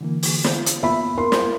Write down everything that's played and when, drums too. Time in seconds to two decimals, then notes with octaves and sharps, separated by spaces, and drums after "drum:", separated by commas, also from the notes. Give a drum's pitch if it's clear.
0.01 D3 E3 A#3
0.23 drum: open hi-hat
0.44 drum: snare
0.66 drum: hi-hat
0.83 A#3 B3 F4 E5 B5
1.17 A#4 C6
1.32 drum: snare